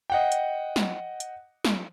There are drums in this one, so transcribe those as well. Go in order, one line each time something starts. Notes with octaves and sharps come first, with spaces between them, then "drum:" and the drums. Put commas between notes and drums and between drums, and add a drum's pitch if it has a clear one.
D#5 F#5 G5
drum: hi-hat
drum: snare
drum: hi-hat
drum: snare